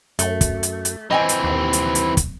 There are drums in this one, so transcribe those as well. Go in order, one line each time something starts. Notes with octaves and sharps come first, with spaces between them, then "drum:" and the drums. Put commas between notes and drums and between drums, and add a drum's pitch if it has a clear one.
F#2 A3, drum: hi-hat
drum: kick, hi-hat
drum: hi-hat
drum: hi-hat
E3 C4 D#5 G5 G#5
drum: hi-hat
D#2
drum: hi-hat
drum: hi-hat
drum: kick, hi-hat